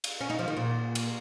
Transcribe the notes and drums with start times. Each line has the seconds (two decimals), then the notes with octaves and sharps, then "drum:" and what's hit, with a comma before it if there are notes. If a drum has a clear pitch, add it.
0.04 drum: cymbal
0.20 C#4
0.30 D#4
0.39 F3
0.48 D#3
0.57 A#2
0.95 drum: cymbal